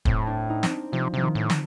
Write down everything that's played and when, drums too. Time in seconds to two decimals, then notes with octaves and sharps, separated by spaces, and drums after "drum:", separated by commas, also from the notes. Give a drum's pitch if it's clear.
0.05 A2 C4, drum: kick
0.27 D4
0.50 D#4
0.63 C4, drum: snare
0.71 D4
0.92 C3 F3
1.13 C3 F3
1.22 D#3
1.35 A2
1.50 D3, drum: snare